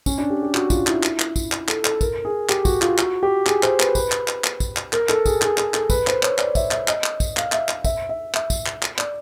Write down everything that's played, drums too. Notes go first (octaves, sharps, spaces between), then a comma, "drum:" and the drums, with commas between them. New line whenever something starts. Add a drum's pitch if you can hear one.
C#4, drum: kick, tambourine
D4
G4
G4
F#4, drum: clap
F4, drum: kick, tambourine
E4, drum: clap
drum: clap
drum: clap
drum: kick, tambourine
drum: clap
A4, drum: clap
A4, drum: clap
A#4, drum: kick, tambourine
G#4
G4, drum: clap
F#4, drum: kick, tambourine
F4, drum: clap
F#4, drum: clap
G4
G#4, drum: clap
C5, drum: clap
B4, drum: clap
B4, drum: kick, tambourine
drum: clap
drum: clap
drum: clap
drum: kick, tambourine
drum: clap
A#4, drum: clap
A4, drum: clap
G#4, drum: kick, tambourine
G#4, drum: clap
G#4, drum: clap
A4, drum: clap
B4, drum: kick, tambourine
C5, drum: clap
C#5, drum: clap
D5, drum: clap
E5, drum: kick, tambourine
E5, drum: clap
D#5, drum: clap
drum: clap
drum: kick, tambourine
F5, drum: clap
E5, drum: clap
E5, drum: clap
E5, drum: kick, tambourine
E5
E5, drum: clap
drum: kick, tambourine
drum: clap
drum: clap
D5, drum: clap